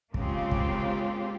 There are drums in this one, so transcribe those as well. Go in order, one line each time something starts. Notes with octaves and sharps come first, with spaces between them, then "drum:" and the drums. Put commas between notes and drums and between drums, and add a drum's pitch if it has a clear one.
C#3 G#3 A#3 C4 F4 G4, drum: kick
drum: kick